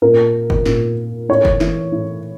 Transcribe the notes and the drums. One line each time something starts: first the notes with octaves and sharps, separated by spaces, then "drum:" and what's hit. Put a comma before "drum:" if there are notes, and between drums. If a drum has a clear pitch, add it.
A#2 A#4
drum: kick F#1
A#2, drum: snare
A2 C#5
drum: kick F#1
E3, drum: snare
A2